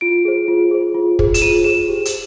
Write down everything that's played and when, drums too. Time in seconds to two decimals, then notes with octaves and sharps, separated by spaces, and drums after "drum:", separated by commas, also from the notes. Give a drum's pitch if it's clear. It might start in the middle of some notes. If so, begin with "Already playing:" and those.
0.01 F4 D7
0.25 G#4 C5
0.48 F4
0.71 G#4 C5
0.94 F4
1.19 G#4 C5, drum: kick
1.34 E7, drum: hi-hat
1.42 F4 D#7
1.64 G#4 C5 E7
1.88 G4
2.05 drum: hi-hat